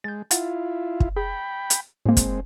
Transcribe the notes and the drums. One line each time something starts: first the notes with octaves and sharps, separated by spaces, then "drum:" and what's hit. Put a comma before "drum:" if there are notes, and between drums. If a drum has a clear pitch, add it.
G#3 G6 A6
E4 F4 F#5 A6, drum: hi-hat
drum: kick
G#4 G5 B5
drum: hi-hat
A2 G#3 A#3 C4
drum: kick, hi-hat